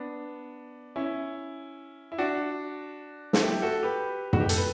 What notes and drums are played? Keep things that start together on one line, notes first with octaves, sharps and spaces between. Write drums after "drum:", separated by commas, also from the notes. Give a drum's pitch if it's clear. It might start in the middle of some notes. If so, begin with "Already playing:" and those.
Already playing: B3 D4
C#4 E4
E4
D4 F#4
A4, drum: snare
E4 G4
F#4 A4
G4 B4
F#4, drum: tom
G4
A4, drum: hi-hat
B4